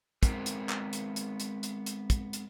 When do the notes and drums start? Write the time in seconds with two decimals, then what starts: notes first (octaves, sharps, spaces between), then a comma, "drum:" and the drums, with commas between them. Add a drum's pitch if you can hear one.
0.23 G#3 B3 C4 A#4 B4, drum: kick, hi-hat
0.46 drum: hi-hat
0.69 drum: clap
0.93 drum: hi-hat
1.16 drum: hi-hat
1.40 drum: hi-hat
1.63 drum: hi-hat
1.86 drum: hi-hat
2.10 drum: kick, hi-hat
2.33 drum: hi-hat